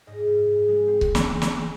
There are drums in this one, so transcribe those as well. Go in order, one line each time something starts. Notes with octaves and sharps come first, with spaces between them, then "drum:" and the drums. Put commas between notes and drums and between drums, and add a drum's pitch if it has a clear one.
G#2 D#5
G#2
G#2
G#3
C4
drum: kick C#1
drum: snare
drum: snare